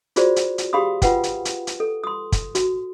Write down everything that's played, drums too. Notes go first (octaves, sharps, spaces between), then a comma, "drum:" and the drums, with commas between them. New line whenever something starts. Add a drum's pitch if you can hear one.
F4 F#4 G#4 C5 D5, drum: hi-hat
drum: hi-hat
drum: hi-hat
G4 G#4 F5 B5 C6 D#6
F4 B4 F#5 G5, drum: kick, hi-hat
drum: hi-hat
drum: hi-hat
drum: hi-hat
A4
C6 D#6
drum: kick, hi-hat
F#4, drum: hi-hat